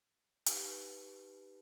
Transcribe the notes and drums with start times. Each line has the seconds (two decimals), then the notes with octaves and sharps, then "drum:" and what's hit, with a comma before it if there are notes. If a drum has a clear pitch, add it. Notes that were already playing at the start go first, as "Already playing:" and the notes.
0.46 D#4 G4 B4, drum: hi-hat